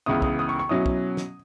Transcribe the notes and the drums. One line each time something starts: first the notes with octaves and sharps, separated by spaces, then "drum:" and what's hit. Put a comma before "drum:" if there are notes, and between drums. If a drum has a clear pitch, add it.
C#2 C#3 E3 B3 E4 D#6
D#6, drum: kick
D#6
C#6
C#6
B2 F#3 C#4 E4 D#6
drum: kick
drum: snare